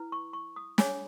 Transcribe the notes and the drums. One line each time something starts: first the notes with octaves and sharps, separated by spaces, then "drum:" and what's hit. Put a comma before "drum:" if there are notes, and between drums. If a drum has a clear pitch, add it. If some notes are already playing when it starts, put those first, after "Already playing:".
Already playing: E4 B4
C#6
C#6
D#6
C#4 G#4 C#5 G#5, drum: snare